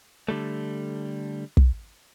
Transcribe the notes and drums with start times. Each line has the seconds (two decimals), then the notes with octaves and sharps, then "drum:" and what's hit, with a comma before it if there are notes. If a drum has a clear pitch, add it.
0.29 D3 G3 A3
1.57 drum: kick